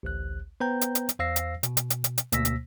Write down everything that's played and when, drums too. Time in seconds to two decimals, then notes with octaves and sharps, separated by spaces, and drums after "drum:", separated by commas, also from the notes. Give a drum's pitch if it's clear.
0.03 A1 D2 F#6
0.60 B3 B4 C5 G5 A#5 G6
0.81 drum: hi-hat
0.95 drum: hi-hat
1.09 drum: hi-hat
1.19 E2 C5 F5 E6 A#6 C7
1.36 drum: hi-hat
1.63 B2, drum: hi-hat
1.77 drum: hi-hat
1.90 drum: hi-hat
2.04 drum: hi-hat
2.18 drum: hi-hat
2.32 D2 B2 A#3 E6 A#6 B6, drum: hi-hat
2.45 drum: hi-hat